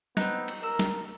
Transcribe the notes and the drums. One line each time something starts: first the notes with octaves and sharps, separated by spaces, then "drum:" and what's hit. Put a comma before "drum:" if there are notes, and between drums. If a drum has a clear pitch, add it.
B3 C4 D#4 F#6, drum: snare
drum: cymbal
A#4 E6
drum: snare